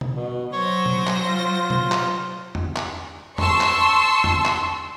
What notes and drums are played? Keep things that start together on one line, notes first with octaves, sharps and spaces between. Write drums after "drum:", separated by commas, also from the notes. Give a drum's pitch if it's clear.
drum: tom B2
B2
F#3 C5 C#5 A#6
drum: tom B2
drum: clap
F4
drum: tom B2
drum: clap
drum: tom E2
drum: clap
A5 C6 C#6 E6, drum: tom E2
drum: clap
drum: tom E2
drum: clap